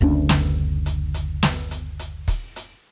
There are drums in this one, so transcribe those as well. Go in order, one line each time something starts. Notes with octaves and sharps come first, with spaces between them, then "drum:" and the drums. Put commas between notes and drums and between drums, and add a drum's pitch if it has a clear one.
F#1 D2 C#4 D4
drum: snare
drum: hi-hat
drum: hi-hat
drum: snare
drum: hi-hat
drum: hi-hat
drum: kick, hi-hat
drum: hi-hat